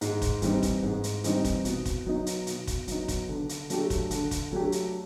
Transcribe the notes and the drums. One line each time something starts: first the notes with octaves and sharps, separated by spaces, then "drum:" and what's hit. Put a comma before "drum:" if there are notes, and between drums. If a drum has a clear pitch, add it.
G#2, drum: hi-hat
drum: kick, hi-hat
E3 G3 C4 D#4, drum: hi-hat
drum: kick, hi-hat
G#2
drum: hi-hat
E3 G3 C4 D#4, drum: hi-hat
drum: kick, hi-hat
B2, drum: hi-hat
drum: kick, hi-hat
F#3 B3 D#4
drum: hi-hat
B2, drum: hi-hat
drum: kick, hi-hat
F#3 B3 D#4, drum: hi-hat
drum: kick, hi-hat
D3
drum: hi-hat
F#3 A3 D4 G4, drum: hi-hat
drum: kick, hi-hat
D3, drum: hi-hat
drum: kick, hi-hat
F#3 A3 D4 G4
drum: hi-hat